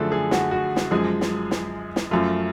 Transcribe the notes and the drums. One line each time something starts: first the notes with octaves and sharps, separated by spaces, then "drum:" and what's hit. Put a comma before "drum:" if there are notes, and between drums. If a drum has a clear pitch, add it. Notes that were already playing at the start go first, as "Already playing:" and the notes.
Already playing: F#2 D3 F3 A3 G#4 A4
G#4
F#4, drum: snare
F#4
drum: snare
F#2 F3 G#3 G#4
drum: snare
drum: snare
drum: snare
F#2 F3 A3 F4